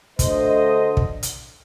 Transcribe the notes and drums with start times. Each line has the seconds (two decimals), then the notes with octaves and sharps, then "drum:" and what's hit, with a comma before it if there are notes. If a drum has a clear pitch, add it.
0.19 D2 D3 A3 C5 D#5, drum: kick, hi-hat
0.97 drum: kick
1.23 drum: hi-hat